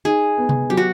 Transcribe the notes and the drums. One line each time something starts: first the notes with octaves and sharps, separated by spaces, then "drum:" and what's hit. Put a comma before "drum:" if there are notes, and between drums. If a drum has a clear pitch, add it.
D#4 G#4
B3
drum: tom C3
F#3 G4
F#4